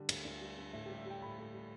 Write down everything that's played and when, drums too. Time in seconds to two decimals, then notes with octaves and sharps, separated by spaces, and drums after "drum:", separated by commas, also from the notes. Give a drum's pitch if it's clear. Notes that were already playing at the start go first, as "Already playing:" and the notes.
Already playing: D3 G3 G4
0.09 D2, drum: cymbal
0.25 D2
0.41 G3
0.58 D3
0.73 A2 E4
0.86 G3 G4
0.98 E5
1.06 G3 G5
1.22 A2 B5
1.39 A2
1.54 G3